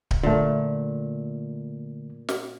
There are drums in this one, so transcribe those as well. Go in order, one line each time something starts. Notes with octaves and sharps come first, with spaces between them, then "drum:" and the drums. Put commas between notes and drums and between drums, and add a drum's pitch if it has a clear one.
drum: kick D1
A#2 D3 A3
drum: snare